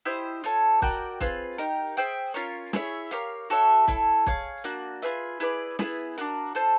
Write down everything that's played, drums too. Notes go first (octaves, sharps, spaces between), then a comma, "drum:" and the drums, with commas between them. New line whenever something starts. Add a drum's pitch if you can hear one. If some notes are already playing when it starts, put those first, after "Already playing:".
E4 G4 C5 D#5
F4 A4 C#5, drum: hi-hat
F#4 A#4 D5 G5, drum: kick
C4 F4 G#4 B4, drum: kick, hi-hat
D#4 G4 A#4, drum: hi-hat
G#4 C5 E5 G5, drum: hi-hat
C#4 F4 A#4 C#5, drum: hi-hat
E4 G#4 C#5 E5, drum: snare
G4 A#4 C#5 F5, drum: hi-hat
F#4 A4 C#5 E5, drum: hi-hat
E4 A4 C#5, drum: kick, hi-hat
G#4 C#5 F5, drum: kick, hi-hat
A#3 D4 F#4, drum: hi-hat
F4 G#4 B4 E5, drum: hi-hat
E4 G#4 B4 D5, drum: hi-hat
B3 E4 G#4 B4, drum: snare
D4 F#4 A#4, drum: hi-hat
F4 A4 C5, drum: hi-hat